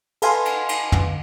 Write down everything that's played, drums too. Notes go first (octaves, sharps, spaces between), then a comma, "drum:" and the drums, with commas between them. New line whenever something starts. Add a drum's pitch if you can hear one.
A4 B4 F5 G#5 C6, drum: cymbal
drum: cymbal
drum: cymbal
drum: tom